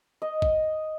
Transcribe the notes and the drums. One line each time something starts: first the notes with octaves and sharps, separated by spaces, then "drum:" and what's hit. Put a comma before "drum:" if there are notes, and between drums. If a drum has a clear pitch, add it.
D#5
drum: kick G#1